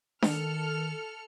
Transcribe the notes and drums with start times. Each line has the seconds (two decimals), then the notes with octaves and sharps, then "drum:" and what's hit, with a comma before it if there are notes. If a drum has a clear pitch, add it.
0.22 D#3 A4 F6 C#7, drum: snare D4